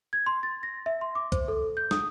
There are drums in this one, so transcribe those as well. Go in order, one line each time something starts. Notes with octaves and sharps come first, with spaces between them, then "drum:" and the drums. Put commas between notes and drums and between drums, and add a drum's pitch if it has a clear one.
G#6
C6
A6
A#6
E5
C6
D6
C5, drum: kick, hi-hat
A4
G6
D#6, drum: snare